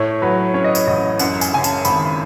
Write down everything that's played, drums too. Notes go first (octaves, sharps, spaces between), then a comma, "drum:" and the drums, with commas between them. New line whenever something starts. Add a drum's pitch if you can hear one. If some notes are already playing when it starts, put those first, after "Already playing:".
Already playing: A2 C#5
F#3 B4
C#4 C#5
D#5
C#5, drum: tambourine
A1 D#5
F#2 F#5, drum: tambourine
G#5, drum: tambourine
C#3 G#5
A5, drum: tambourine
G#1 B5, drum: tambourine